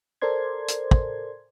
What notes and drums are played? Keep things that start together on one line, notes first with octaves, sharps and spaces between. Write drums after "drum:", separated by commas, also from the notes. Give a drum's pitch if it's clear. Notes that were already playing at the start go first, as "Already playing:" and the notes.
A4 A#4 C5 D5 C6 G#6
drum: hi-hat
drum: kick